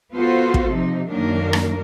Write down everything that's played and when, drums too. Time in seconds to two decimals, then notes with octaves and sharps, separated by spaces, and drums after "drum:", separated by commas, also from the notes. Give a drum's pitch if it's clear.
0.15 B3 F4 F#4 A4 C5
0.54 drum: kick
0.69 C3 F3 D#4
1.09 F#2 D#3 F#3 A#3 D4 A#4
1.53 drum: rim click